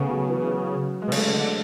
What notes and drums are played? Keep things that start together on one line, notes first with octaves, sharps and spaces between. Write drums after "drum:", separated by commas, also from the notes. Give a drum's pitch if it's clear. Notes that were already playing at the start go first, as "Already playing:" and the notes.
Already playing: C#3 A3 B3 C#4
F#3
E3
F#3
G#3
B2
C#3 A3, drum: cymbal
D3